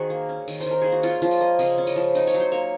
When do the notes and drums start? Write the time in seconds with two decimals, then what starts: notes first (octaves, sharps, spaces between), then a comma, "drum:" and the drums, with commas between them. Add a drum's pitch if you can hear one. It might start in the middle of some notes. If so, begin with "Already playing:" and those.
Already playing: D#3 F#4 G#4 A#4 C5
0.10 A#3
0.29 C#4
0.48 D#3, drum: tambourine
0.60 C5, drum: tambourine
0.66 D#3
0.71 A#4
0.82 A#3 G#4
0.92 F#4
1.03 C#4 F4, drum: tambourine
1.22 F3 F4
1.31 drum: tambourine
1.40 A#3 D#5
1.59 C#3 D#5, drum: tambourine
1.78 C#4
1.87 D#5, drum: tambourine
1.96 F3
2.15 D#4 D#5, drum: tambourine
2.27 C#5, drum: tambourine
2.34 F#3
2.40 C5
2.52 A#3 C#5